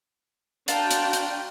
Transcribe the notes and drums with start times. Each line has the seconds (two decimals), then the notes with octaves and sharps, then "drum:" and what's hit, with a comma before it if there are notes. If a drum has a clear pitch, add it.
0.68 D4 F4 F#4 A#4 G5 A5, drum: hi-hat
0.91 drum: hi-hat
1.13 drum: hi-hat